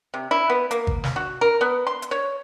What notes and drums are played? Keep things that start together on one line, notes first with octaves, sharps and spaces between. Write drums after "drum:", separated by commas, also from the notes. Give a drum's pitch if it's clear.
C3
E4
B3
A#3, drum: hi-hat
drum: kick G#1
drum: snare
F#4
A#4
B3
C6
drum: hi-hat
C#5